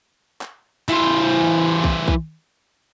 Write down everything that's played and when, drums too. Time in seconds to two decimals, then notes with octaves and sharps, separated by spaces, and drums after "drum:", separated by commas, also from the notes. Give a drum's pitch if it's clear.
0.41 drum: clap
0.89 E3 C5, drum: clap
1.84 drum: kick B1
2.08 drum: kick B1